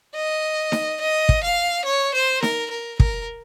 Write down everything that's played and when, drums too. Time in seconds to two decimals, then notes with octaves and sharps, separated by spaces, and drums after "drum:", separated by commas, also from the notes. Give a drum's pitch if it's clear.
0.15 D#5
0.72 drum: snare D#4
1.01 D#5
1.29 drum: kick
1.44 F5
1.85 C#5
2.14 C5
2.43 A#4, drum: snare D#4
2.71 A#4
3.00 A#4, drum: kick